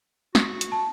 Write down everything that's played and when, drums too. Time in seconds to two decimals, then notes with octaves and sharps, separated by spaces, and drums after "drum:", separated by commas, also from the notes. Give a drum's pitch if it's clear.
0.35 F#4, drum: snare
0.61 drum: hi-hat
0.72 A5